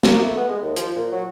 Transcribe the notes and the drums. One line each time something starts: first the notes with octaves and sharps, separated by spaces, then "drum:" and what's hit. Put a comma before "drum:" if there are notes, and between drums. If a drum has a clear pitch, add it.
A#3, drum: snare
A3
B3
G#3
D#2
F3, drum: hi-hat
A#2
F#3